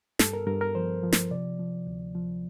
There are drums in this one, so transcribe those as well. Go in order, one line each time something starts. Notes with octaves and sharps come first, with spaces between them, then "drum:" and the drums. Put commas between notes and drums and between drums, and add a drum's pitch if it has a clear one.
G2 A4, drum: snare
A#4
G2 A#4
A#4
F3 C5
F3
drum: snare
C3 D5
F3
D2
F3